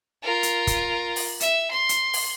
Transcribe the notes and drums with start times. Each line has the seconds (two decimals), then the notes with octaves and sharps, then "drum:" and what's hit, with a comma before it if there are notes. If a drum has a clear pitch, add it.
0.23 F4 A#4
0.43 drum: hi-hat
0.67 drum: kick, hi-hat
1.16 drum: open hi-hat
1.40 E5, drum: hi-hat
1.71 C6
1.89 drum: hi-hat
2.13 drum: open hi-hat